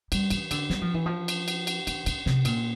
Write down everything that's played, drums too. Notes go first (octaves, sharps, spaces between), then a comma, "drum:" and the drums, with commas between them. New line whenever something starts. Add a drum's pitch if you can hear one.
G3, drum: cymbal
E3, drum: cymbal
D3, drum: cymbal
G3, drum: snare
F3
E3
F3
drum: cymbal
drum: cymbal
drum: cymbal
E3, drum: cymbal
D3, drum: cymbal
C3, drum: snare
A#2, drum: cymbal